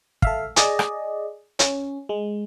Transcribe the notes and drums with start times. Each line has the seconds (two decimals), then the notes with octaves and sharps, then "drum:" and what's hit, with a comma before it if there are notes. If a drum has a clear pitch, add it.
0.22 A4 E5 F5, drum: kick
0.56 G#4 D5 D#5, drum: hi-hat
0.79 drum: rim click
1.59 C#4, drum: hi-hat
2.09 G#3